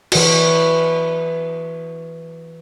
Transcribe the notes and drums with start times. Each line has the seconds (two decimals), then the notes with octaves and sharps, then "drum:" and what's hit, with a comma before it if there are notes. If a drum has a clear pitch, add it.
0.12 E3 F#4, drum: cymbal